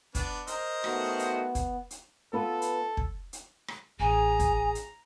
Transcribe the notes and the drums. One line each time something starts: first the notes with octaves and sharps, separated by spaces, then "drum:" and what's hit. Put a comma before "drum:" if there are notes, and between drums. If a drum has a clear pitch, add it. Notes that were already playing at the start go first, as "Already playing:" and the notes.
B3 D4, drum: kick, hi-hat
A#4 C5 D#5, drum: hi-hat
D#3 A3 B3 F#4, drum: rim click
drum: hi-hat
drum: kick, hi-hat
drum: hi-hat
B3 F4 A4 B4
drum: hi-hat
drum: kick
drum: hi-hat
drum: rim click
A1 G#4 G#5 A#5
drum: kick, hi-hat
drum: hi-hat